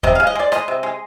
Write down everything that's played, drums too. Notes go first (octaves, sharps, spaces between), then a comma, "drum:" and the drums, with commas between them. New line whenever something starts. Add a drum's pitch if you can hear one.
C3 D#5, drum: kick D#2
F5
G#3
D#5
G#3 D5
G#3 D#5, drum: rim click
C3
G#3